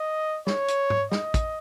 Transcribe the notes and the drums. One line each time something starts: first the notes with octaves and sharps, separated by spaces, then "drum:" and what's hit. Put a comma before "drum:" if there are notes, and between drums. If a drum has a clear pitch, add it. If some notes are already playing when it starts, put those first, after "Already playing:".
Already playing: D#5
C#5, drum: snare
drum: hi-hat
drum: tom G#2
D#5, drum: snare
drum: kick, hi-hat